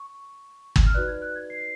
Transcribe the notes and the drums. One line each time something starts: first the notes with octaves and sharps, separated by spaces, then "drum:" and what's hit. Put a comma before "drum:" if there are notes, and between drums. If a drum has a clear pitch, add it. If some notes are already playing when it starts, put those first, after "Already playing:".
Already playing: C#6
drum: kick
F6
D#4 F#4 B4 D5 F#6
G#6
F#6
G#6
C7
C7